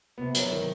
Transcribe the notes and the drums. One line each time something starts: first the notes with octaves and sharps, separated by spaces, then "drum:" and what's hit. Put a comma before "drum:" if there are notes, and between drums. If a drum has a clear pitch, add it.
C3 B3
F#3, drum: hi-hat
D#3